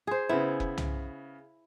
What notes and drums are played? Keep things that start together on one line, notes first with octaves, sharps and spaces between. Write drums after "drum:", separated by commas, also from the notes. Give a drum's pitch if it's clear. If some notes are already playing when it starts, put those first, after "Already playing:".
G#4 C5
C#3 B3 E4
drum: kick F#1
drum: tom C2